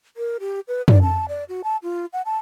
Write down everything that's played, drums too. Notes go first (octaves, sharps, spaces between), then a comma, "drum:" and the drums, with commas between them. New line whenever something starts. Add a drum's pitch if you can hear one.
A#4
G4
B4
D5, drum: tom
A5
D5
F#4
A5
F4
F#5
A5